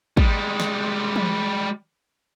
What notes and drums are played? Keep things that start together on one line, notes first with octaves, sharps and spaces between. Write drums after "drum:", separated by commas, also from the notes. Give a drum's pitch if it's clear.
G3 G#3, drum: kick
drum: snare
drum: tom